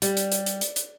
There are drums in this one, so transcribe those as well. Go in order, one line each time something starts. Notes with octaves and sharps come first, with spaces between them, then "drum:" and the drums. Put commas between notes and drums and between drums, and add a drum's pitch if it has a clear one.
G3, drum: hi-hat
drum: hi-hat
drum: hi-hat
drum: hi-hat
drum: hi-hat
drum: hi-hat